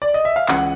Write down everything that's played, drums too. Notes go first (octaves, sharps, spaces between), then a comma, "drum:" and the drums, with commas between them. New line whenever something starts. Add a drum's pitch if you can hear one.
D5
D#5
E5
F5
C#2 C#3 E3 F#5, drum: clap